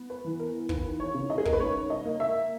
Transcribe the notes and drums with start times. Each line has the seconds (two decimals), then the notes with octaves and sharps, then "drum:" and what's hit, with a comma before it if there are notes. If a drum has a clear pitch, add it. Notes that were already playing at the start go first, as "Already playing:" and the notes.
Already playing: B3
0.10 B4
0.24 E3
0.40 A#4
0.69 D#2 B4, drum: kick
1.00 C#5
1.14 C#3
1.30 D#5
1.38 G#4
1.45 A#4, drum: kick
1.53 B4
1.59 G#2 C#5
1.90 D#5
2.05 A#3
2.20 E5